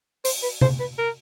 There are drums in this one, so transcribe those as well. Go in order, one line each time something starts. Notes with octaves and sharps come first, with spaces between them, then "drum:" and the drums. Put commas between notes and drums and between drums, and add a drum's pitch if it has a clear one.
C5, drum: open hi-hat
B4
C5, drum: tom C3
B4
A#4